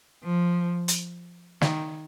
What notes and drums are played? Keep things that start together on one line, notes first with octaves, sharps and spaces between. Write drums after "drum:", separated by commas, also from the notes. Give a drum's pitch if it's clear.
F3
drum: hi-hat
D#3, drum: snare